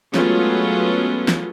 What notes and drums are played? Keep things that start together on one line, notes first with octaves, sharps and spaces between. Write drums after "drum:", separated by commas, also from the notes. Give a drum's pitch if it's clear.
F#3 G#3 A3 B3 C#4 F4, drum: snare
drum: snare